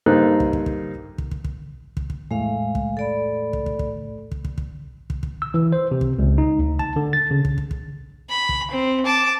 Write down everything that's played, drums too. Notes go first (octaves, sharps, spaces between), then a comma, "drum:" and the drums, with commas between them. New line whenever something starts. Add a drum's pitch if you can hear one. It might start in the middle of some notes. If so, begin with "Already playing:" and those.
G2 A#3 D#4 A4 C5 F#6
drum: kick
drum: kick
drum: kick
drum: kick
drum: kick
drum: kick
drum: kick
drum: kick
E2 A2 G#3 A3 F5
drum: kick
A4 D5 B5
drum: kick
drum: kick
drum: kick
drum: kick
drum: kick
drum: kick
drum: kick
drum: kick
E6
E3
C5
C3
drum: kick
C#2
D#4
D2
A5, drum: kick
D3
A6
C#3
drum: kick
drum: kick
drum: kick
B5
drum: kick
C4
A5 D6